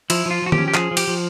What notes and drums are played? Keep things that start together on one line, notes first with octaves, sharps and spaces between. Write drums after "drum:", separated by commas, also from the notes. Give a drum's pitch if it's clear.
F3 E4, drum: cymbal
F3 F4
F3 F#4
G4, drum: tom D#3
C#4
G4
F3 G#4, drum: clap
F3
G4, drum: cymbal
F3